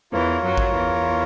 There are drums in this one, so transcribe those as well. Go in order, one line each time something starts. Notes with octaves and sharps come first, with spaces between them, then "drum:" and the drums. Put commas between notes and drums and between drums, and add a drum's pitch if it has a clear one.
E2 E3 F4 A#4 C#5
F#2 F#3
drum: kick G#1
E2 E3